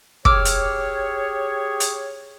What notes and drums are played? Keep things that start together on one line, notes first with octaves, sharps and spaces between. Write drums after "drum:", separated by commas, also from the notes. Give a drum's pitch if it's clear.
G4 G#4 C#5 D6 E6 F6, drum: kick
drum: hi-hat
drum: hi-hat